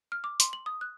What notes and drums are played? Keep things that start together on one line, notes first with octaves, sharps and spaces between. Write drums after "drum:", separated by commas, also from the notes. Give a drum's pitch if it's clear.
F6
D6
C6, drum: hi-hat
F#7
D#6
F#6